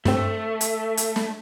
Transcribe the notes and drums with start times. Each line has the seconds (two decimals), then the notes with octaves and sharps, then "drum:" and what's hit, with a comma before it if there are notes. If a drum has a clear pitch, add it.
0.05 G2 A3 C4, drum: snare
0.61 drum: hi-hat
0.97 drum: hi-hat
1.16 drum: snare